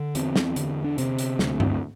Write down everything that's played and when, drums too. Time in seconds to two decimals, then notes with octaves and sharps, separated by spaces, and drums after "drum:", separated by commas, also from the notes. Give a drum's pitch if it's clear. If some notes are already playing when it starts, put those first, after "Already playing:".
Already playing: D3
0.15 E2 C4, drum: hi-hat
0.36 drum: snare
0.56 D3, drum: hi-hat
0.84 D4
0.98 C3 C4, drum: hi-hat
1.19 drum: hi-hat
1.39 D2, drum: snare
1.60 drum: tom G2